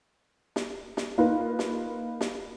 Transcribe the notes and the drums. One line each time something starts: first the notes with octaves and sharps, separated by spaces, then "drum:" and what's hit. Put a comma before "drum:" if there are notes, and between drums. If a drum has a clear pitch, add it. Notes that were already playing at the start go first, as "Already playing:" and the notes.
drum: snare
drum: snare
A#3 D#4 F4 B4
drum: snare
drum: snare